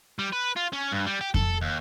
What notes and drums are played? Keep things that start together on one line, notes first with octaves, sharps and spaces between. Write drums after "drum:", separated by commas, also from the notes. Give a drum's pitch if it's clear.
G3
B4
F4
C#4
G2
G3
G4
A4, drum: kick F2
D#2